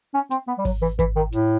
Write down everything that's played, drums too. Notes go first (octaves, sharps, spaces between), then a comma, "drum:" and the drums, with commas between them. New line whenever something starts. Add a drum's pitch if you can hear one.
C#4
C4, drum: hi-hat
B3
G3
F#3, drum: kick G#1, open hi-hat
E3
E3, drum: kick G#1, hi-hat
D#3
A2, drum: hi-hat